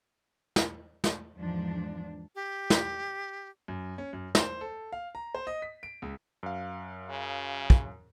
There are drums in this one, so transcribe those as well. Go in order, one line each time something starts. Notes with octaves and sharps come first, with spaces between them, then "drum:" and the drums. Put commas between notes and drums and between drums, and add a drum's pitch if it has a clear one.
drum: snare
drum: snare
E2 G#2 F3 D4
G4
drum: snare
F#2
C#4
F#2
C5, drum: snare
A4
F5
A#5
C5
D#5
B6
D7
C#2
F#2 F5
C#3
drum: kick